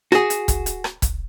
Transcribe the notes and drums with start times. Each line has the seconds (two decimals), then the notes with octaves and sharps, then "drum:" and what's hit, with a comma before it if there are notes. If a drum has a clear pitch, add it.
0.12 F#4 G#4, drum: rim click
0.30 drum: hi-hat
0.48 drum: kick, hi-hat
0.66 drum: hi-hat
0.84 drum: rim click
1.02 drum: kick, hi-hat